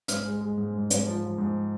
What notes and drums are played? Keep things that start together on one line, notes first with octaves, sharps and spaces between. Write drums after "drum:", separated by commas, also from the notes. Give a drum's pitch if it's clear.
G#2 F6, drum: hi-hat
G#3
G#3
G#2
G#2
G#2, drum: hi-hat
F3
F3
G#2